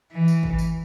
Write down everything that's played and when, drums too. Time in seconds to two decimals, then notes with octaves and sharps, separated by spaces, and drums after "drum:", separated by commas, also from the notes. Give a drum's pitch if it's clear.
0.12 E3
0.28 drum: tambourine
0.43 drum: kick G#1
0.59 drum: tambourine